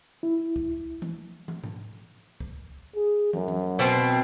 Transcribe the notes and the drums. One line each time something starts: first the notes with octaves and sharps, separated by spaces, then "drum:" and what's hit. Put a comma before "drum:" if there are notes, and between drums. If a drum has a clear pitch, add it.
E4
drum: kick
drum: tom E3
drum: tom
drum: tom G#2
drum: kick
G#4
F#2, drum: tom
drum: tom E3
B2 C4